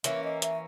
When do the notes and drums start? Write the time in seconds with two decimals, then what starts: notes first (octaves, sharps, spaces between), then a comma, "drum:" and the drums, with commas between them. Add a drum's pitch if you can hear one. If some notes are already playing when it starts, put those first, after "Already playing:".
0.04 E3 A#3 C#4 E5, drum: hi-hat
0.24 D#5
0.42 E5, drum: hi-hat